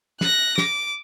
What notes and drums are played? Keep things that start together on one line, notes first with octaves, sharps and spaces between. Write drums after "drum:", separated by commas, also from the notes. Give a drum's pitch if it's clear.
F#6 A#6, drum: snare
D6, drum: snare